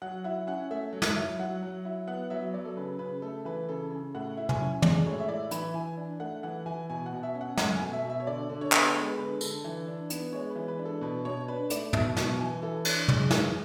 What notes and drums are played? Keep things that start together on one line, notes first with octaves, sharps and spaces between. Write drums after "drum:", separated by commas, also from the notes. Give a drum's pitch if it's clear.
F#3 F#5
E4 F#5
C#4 F#5
A3 E5
F#3
drum: snare
E4
F#3 F#5
F#3
E4
B3 F#5
F#3 E5
F#3 D5
A4
C#3 B4
C#3 B4
A3 A4
E3 B4
C#3 A4
C#3
A2 F#5
E4
G#5, drum: tom
C#4
G#3 D5, drum: tom
A2 C#5
E5
E4 D5
E3 B5, drum: hi-hat
E3 G#5
D4
A3 F#5
E3 F#5
E3 G#5
B2 G#5
F#5
B2
E5
C#4
F#5
A3 F#5, drum: snare
B2 G#5
E5
B2
E5
C#5
D3 D5
D3
C#5
B3, drum: clap
G#3 B4
D3 B4
D3 A4, drum: tambourine
E3
D4
B3, drum: hi-hat
G#3 C#5
B4
E3
B4
D4
A4
B2 B4
B2 C#5
D4 B4
A3 D5, drum: hi-hat
B2 E5, drum: tom
B2, drum: snare
E3 G#5
E3 A4
D4 C#5, drum: cymbal
G#3 D5, drum: tom
E3, drum: snare